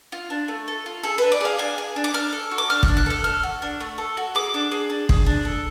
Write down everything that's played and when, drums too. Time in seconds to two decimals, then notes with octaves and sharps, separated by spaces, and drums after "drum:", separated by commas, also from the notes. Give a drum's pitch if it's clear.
0.12 F4
0.30 D4
0.48 A3
0.68 A4
0.86 F4
1.03 G#4 A4
1.18 D4 B4
1.32 D5
1.41 G#4 F5
1.58 D4 G#5
1.78 G#4
1.96 D4
2.04 D6
2.14 D4 F6
2.32 A4
2.51 F#4
2.58 D6
2.70 D4 F6
2.83 F#6, drum: kick
2.88 D4
2.97 F#6
3.06 A4 F6
3.24 A4 F6
3.43 F#4
3.62 D4
3.80 A3
3.98 A4
4.17 F#4
4.35 G#4 D6
4.54 D4
4.71 G#4
4.90 D4
5.09 G#4, drum: kick
5.26 D4
5.45 A4